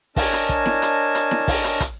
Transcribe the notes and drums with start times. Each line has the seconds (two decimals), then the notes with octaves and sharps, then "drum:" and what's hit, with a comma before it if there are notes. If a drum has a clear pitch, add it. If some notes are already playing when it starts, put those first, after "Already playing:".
0.16 D4 A#4 C#5 D#5 G#5 A5, drum: kick, open hi-hat
0.33 drum: hi-hat
0.49 drum: kick
0.66 drum: snare E4
0.82 drum: hi-hat
1.15 drum: hi-hat
1.31 drum: snare E4
1.48 drum: kick, open hi-hat
1.64 drum: hi-hat
1.80 drum: kick, hi-hat